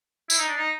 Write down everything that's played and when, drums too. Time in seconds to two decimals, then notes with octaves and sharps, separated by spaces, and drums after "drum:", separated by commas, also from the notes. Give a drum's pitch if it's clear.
0.30 E4, drum: tambourine
0.39 D#4
0.48 D4
0.58 D#4